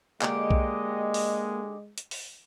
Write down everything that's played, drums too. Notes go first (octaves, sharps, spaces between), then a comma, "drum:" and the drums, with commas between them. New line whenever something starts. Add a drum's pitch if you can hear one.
D3 G#3 A#3 D#4 G4 D#5, drum: clap
drum: kick B1
drum: open hi-hat
drum: hi-hat
drum: open hi-hat